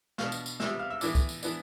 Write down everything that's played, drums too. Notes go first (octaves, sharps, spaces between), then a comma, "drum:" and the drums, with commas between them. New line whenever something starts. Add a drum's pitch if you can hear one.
B2 B3 D4 F5, drum: snare
drum: tambourine
drum: tambourine
C3 G3 B3 E5, drum: snare
F5
E5
A2 E3 B3 D5, drum: tambourine
drum: kick, tambourine
drum: tambourine
E3 B3 D4, drum: tambourine